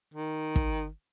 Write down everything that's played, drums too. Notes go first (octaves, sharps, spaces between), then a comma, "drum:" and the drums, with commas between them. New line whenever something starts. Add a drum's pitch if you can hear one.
D#3
drum: kick